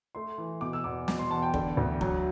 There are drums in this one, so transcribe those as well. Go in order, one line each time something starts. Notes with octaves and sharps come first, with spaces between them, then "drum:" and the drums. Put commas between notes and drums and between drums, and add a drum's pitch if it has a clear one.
A3 C6
E3
B2 D6
E6
E2 D6
B2 D6, drum: snare
C6
E2 A5
G5
D3, drum: kick
D2
F#3, drum: kick